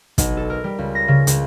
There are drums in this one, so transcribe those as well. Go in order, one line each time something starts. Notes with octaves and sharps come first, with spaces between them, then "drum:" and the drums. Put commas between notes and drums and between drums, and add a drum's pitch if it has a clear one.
B1, drum: kick, hi-hat
A4
A#4
G3
C#2
A#6
C#3
C#2, drum: hi-hat